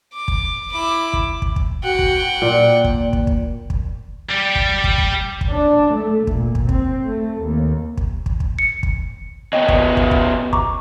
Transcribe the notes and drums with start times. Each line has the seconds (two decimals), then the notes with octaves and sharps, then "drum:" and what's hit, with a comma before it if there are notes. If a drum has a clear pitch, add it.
0.13 D6
0.28 drum: kick
0.71 E4 D6
1.13 drum: kick
1.42 drum: kick
1.56 drum: kick
1.84 F#4 F#5 G5
1.99 drum: kick
2.42 A#2 D5
2.84 drum: kick
3.13 drum: kick
3.27 drum: kick
3.70 drum: kick
4.29 G3 G4
4.55 drum: kick
4.84 drum: kick
4.98 drum: kick
5.41 drum: kick
5.51 D4
5.94 A3
6.27 A#2, drum: kick
6.55 drum: kick
6.69 C4, drum: kick
7.05 A3
7.41 D#2
7.98 drum: kick
8.26 drum: kick
8.40 drum: kick
8.59 C#7
8.83 drum: kick
9.53 C#3 B3 D#5 G5
9.69 drum: kick
9.97 drum: kick
10.11 drum: kick
10.53 A#5 C#6 D6, drum: kick